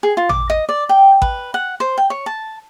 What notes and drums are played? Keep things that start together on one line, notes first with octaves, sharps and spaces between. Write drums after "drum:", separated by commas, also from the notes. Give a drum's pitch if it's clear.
G#4
F4
D6, drum: tom
D#5
D5
G5
B4, drum: kick A1
F#5
C5
G5
C#5
A5